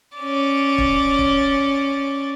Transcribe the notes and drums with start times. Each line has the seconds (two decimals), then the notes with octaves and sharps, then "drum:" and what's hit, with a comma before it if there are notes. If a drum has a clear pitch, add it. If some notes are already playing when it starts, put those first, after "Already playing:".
0.18 C#4 D5
0.78 drum: kick
1.19 drum: kick